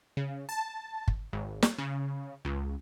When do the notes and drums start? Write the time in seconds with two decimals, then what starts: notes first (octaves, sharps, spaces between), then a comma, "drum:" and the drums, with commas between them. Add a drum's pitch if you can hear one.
0.17 C#3
0.49 A5
1.08 drum: kick
1.33 G#1
1.62 drum: snare
1.78 C#3
2.45 C#2